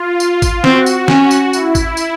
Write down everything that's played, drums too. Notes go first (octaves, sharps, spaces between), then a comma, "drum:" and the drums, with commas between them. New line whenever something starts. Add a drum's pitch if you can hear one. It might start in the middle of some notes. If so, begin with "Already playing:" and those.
Already playing: F4
drum: tambourine
drum: kick, tambourine
C4 F#4, drum: snare
drum: tambourine
C#4, drum: snare
drum: tambourine
E4, drum: tambourine
drum: kick, tambourine
drum: tambourine